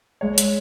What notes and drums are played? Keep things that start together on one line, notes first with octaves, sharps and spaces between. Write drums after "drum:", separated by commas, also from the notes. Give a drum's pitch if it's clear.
G#3 C#5
drum: hi-hat